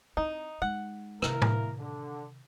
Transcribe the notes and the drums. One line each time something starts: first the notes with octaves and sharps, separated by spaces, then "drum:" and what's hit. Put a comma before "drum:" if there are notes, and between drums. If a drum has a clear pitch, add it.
C4 D#4 E4
G#3 D#4 F#5
C3 D#3 A#3 E4 A#4, drum: rim click
drum: tom A2
D3